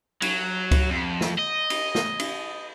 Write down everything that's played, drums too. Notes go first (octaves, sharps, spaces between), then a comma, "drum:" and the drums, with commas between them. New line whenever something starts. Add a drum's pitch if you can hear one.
F#3, drum: cymbal
drum: kick C#2, cymbal
F2
drum: snare
D#5
drum: cymbal
drum: snare
drum: cymbal